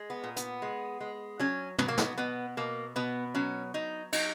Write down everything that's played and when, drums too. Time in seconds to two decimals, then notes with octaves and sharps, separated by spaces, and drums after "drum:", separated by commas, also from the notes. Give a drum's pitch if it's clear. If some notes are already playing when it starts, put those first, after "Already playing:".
Already playing: G#3
0.10 B3
0.24 A#2
0.36 B3, drum: hi-hat
0.62 G#3
1.00 G#3
1.39 F#3 C#4
1.78 F#3 B3, drum: tom
1.88 A#3
1.98 B3, drum: snare
2.18 B2 B3
2.57 B2 A#3
2.96 B2 B3
3.34 F#3 C#4
3.74 F#3 D#4
4.13 F#3 D#4, drum: cymbal